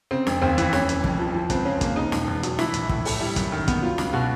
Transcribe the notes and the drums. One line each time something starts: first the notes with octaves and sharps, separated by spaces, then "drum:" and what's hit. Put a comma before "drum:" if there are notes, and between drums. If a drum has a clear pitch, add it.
C#3 C4
F1, drum: snare
D#2 C4
E3, drum: hi-hat
C#3 C#4, drum: snare
F1, drum: hi-hat
F2, drum: kick
F3
F3
C#2 C4, drum: kick, hi-hat
C#3 C#4
A#3, drum: kick, hi-hat
C#3 D#4
E1, drum: snare
E2
F#3, drum: hi-hat
E3 E4, drum: snare
A#1, drum: hi-hat
A2, drum: kick
A3, drum: open hi-hat
G3 E4
F#2, drum: kick, hi-hat
D#3
B3, drum: kick, hi-hat
F#3 F4
C#2, drum: snare
B2 F#4